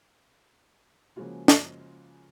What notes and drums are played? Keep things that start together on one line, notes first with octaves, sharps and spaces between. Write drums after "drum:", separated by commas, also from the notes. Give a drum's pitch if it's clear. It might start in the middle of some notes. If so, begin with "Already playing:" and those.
C#3 F3 G#3 A#3 F4 F#4
drum: snare